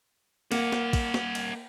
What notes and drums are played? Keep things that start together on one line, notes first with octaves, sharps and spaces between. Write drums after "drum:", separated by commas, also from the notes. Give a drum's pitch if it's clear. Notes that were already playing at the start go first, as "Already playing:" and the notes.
A#3 A#4 F#5, drum: cymbal
drum: snare
drum: kick, cymbal
drum: snare
drum: cymbal